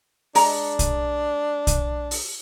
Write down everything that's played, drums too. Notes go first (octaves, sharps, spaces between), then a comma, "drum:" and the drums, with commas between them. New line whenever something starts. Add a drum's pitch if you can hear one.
G#3 D4 A#5, drum: open hi-hat
drum: kick, hi-hat
drum: kick, hi-hat
drum: open hi-hat